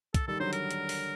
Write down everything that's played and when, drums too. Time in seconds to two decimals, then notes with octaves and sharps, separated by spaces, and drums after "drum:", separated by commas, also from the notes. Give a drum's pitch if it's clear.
0.14 A4, drum: kick, hi-hat
0.27 D#3 G3 A4
0.40 D3 F#3 C5
0.53 A#4, drum: hi-hat
0.71 drum: hi-hat
0.89 drum: open hi-hat